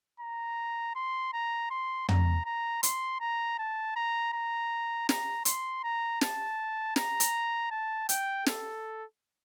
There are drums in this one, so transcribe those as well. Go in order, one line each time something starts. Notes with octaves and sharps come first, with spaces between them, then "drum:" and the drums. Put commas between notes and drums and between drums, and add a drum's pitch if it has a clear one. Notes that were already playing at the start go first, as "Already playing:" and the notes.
A#5
C6
A#5
C6
A#5, drum: tom
A#5
C6, drum: hi-hat
A#5
A5
A#5
A#5
A#5, drum: snare
C6, drum: hi-hat
A#5
A5, drum: snare
A#5, drum: snare
drum: hi-hat
A5
G5, drum: hi-hat
A4, drum: snare